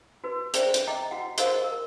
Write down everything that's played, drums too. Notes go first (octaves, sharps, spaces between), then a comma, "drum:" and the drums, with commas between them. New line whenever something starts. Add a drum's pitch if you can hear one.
F#4 B4
G#4 C5 D5 E5 G5, drum: hi-hat
drum: hi-hat
D#5 G5 A#5 D6
F#4 F#5
F#4 G#4 A#4 C5 D#5 F5, drum: hi-hat
A#4